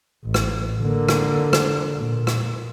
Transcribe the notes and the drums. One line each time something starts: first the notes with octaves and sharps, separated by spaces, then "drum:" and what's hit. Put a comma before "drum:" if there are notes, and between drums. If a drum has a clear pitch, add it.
A1
drum: rim click
D3 A#3
drum: rim click
drum: rim click
A#2
drum: rim click